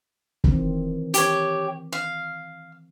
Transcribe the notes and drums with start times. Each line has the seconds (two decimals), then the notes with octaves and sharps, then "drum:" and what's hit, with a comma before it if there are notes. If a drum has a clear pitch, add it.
0.44 D#3 E3 C4, drum: kick
1.14 G4 C#5, drum: hi-hat
1.92 F5